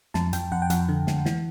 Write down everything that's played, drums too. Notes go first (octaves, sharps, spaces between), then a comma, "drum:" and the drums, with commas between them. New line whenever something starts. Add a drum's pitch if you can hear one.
F2 A5, drum: snare
F2 G5, drum: hi-hat
F2 F#5
G5
F2 F#5, drum: hi-hat
D3
F2, drum: snare
E3, drum: snare